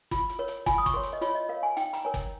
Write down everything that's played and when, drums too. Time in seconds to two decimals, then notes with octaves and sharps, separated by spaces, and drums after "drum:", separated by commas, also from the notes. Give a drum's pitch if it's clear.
0.11 F4, drum: kick, hi-hat
0.29 drum: hi-hat
0.39 A#4 C#5
0.48 drum: hi-hat
0.66 F4 G#5, drum: kick, hi-hat
0.78 D#6
0.86 C#6, drum: kick, hi-hat
0.94 A#4 C#5 C6
1.03 drum: hi-hat
1.13 D#5
1.22 F4 C#5, drum: hi-hat
1.35 D#5
1.49 A#4 C#5 F5
1.63 G#5
1.77 D#4 G5, drum: hi-hat
1.93 A#5, drum: hi-hat
2.04 A#4 C#5 G#5
2.14 drum: kick, hi-hat